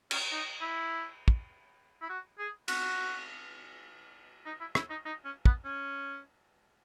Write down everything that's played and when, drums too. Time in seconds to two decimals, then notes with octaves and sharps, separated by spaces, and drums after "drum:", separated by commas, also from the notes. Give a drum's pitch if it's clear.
0.11 C#4, drum: cymbal
0.32 D#4
0.61 E4
1.28 drum: kick
2.02 E4
2.10 F#4
2.39 G#4
2.68 F#4, drum: cymbal
4.46 D#4
4.60 E4
4.75 E4, drum: rim click
4.90 D#4
5.05 D#4
5.25 C#4
5.46 B3, drum: kick
5.65 C#4